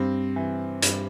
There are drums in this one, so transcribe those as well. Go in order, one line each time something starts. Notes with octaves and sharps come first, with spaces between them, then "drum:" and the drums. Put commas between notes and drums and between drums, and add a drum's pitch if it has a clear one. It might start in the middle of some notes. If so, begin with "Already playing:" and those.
Already playing: G2 C4
E3
G2, drum: hi-hat